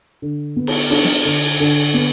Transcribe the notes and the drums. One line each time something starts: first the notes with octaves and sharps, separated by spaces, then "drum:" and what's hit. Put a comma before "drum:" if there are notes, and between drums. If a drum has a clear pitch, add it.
D3
B3
drum: cymbal
D4, drum: cymbal
drum: snare
D3
D3
B3